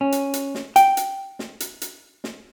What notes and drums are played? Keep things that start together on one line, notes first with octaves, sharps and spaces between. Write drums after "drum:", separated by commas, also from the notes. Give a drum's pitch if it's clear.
C#4
drum: hi-hat
drum: hi-hat
drum: snare
G5, drum: hi-hat
drum: hi-hat
drum: snare
drum: hi-hat
drum: hi-hat
drum: snare